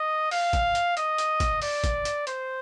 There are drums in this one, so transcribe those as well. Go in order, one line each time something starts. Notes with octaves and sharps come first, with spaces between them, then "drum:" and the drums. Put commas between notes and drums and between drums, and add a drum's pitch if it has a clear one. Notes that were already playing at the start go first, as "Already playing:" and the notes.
Already playing: D#5
F5, drum: open hi-hat
drum: kick, hi-hat
drum: hi-hat
D#5, drum: hi-hat
drum: hi-hat
drum: kick, hi-hat
D5, drum: open hi-hat
drum: kick, hi-hat
drum: hi-hat
C5, drum: hi-hat